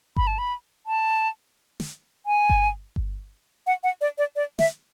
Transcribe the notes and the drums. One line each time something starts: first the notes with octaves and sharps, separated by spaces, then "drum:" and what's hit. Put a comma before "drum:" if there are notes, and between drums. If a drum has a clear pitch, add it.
B5, drum: kick G1
A5
B5
A5
drum: snare
G#5
drum: kick G1
drum: kick G1
F#5
F#5
D5
D5
D5
E5, drum: snare